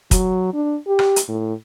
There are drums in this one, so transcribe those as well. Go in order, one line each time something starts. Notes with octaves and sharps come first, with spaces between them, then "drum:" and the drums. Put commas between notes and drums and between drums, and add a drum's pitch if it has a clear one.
F#3, drum: kick, hi-hat
D4
G4
drum: rim click
drum: hi-hat
A2